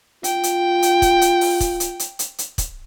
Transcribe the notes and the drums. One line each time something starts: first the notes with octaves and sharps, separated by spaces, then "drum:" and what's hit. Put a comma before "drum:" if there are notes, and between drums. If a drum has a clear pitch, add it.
F4 G5, drum: hi-hat
drum: hi-hat
drum: hi-hat
drum: kick, hi-hat
drum: hi-hat
drum: open hi-hat
drum: kick, hi-hat
drum: hi-hat
drum: hi-hat
drum: hi-hat
drum: hi-hat
drum: kick, hi-hat